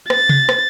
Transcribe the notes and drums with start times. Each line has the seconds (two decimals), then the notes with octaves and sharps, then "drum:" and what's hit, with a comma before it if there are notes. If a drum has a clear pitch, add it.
0.10 A6, drum: rim click
0.29 drum: tom C3
0.49 drum: rim click